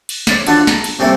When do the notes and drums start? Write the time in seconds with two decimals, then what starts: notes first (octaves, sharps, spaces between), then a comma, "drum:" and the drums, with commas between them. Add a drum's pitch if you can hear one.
0.09 drum: cymbal
0.27 C#5 D5 D6, drum: snare
0.47 D3 D4 F4 F#4 D5, drum: cymbal
0.67 A#5, drum: snare
0.84 drum: cymbal
0.99 C3 G3 A3 A#3 C#4 E4